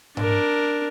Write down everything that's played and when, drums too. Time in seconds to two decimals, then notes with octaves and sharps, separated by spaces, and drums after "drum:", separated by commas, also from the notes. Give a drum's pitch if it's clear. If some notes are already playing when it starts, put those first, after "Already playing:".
0.17 D4 A#4, drum: tom G#2